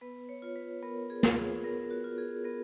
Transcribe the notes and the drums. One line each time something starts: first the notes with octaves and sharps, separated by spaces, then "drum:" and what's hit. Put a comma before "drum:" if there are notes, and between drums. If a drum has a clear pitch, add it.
B3 B4
C#5
F4 C#5
B4
B3 A#4
G#4
F4, drum: snare
G#4
B3 A#4
F#4
F4
G#4
B3 A#4